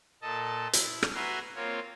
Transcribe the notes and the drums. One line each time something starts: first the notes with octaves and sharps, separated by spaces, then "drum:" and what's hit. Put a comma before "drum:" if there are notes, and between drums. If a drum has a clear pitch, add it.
A#2 A4 D#5 A5
E4, drum: hi-hat
drum: rim click
F#4 B4 E5 G#5 A#5 C6
A#3 C4 F4 C#5